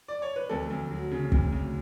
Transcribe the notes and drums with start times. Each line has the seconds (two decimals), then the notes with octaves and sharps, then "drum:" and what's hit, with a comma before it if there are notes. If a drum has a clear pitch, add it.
0.08 D5
0.22 C#5
0.36 B4
0.49 D2 A4
0.70 D2
0.91 F#3
1.12 C#3
1.32 D2, drum: kick
1.52 D2